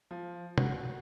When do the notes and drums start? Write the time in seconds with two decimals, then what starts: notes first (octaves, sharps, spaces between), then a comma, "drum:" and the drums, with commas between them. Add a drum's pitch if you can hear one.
0.11 F3
0.58 F#4, drum: tom